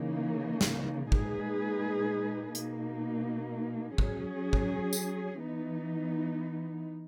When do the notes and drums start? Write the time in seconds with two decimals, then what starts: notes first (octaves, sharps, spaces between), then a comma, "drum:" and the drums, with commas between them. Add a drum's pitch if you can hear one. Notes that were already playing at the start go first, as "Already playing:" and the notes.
Already playing: C#3 E3 A#3 D#4
0.61 drum: snare
1.12 A#2 G#3 D#4 G#4 B4, drum: kick
2.55 B2 A#3 D#4, drum: hi-hat
3.98 F#3 C#4 G#4, drum: kick
4.53 drum: kick
4.93 drum: tambourine
5.42 E3 B3 D#4